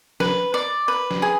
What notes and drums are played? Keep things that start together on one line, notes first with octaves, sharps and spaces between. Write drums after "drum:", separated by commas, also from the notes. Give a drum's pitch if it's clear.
B4, drum: snare
D5
B4
drum: snare
G#4